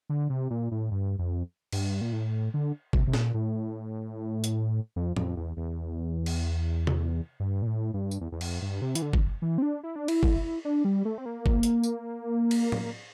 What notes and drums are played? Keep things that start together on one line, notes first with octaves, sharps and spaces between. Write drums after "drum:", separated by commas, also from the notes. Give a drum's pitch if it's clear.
D3
C3
A#2
A2
G2
F2
G2, drum: cymbal
A#2
A2
D3
C3, drum: kick
C3
A#2, drum: snare
A2
drum: hi-hat
F2
F2, drum: tom
E2
E2
drum: cymbal
drum: tom C3
G2
A#2
A2
G2
drum: tambourine
E2
E2
F2, drum: cymbal
G2
C3
E3, drum: hi-hat
D3
drum: kick
E3
C4
D4
E4
D4
E4, drum: cymbal
drum: kick
D4
G3
A3
C4
A#3
drum: kick
drum: hi-hat
drum: tambourine
drum: cymbal
drum: tom